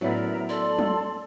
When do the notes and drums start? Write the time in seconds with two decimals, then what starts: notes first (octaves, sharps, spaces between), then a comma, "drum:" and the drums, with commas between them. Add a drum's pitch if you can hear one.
0.01 A2 F#3 B3 C#4 E4 A#4 D5 E5
0.49 A4 D5 C6
0.79 drum: tom F#3